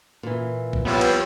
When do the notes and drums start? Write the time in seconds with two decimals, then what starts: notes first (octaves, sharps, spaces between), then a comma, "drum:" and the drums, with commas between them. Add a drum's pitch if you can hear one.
0.23 A#2 E3
0.73 drum: kick A#1
0.85 F3 G3 B3 E4 F4 G4 C#5
1.01 drum: cymbal